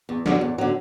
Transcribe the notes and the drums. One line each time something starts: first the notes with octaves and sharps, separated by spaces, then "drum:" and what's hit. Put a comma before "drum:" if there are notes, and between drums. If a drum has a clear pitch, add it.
E2
D3 F#3, drum: snare
E2
D3 F#3